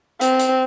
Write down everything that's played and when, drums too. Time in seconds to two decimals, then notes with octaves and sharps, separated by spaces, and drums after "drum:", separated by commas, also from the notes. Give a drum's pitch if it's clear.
0.21 C4, drum: hi-hat
0.40 drum: hi-hat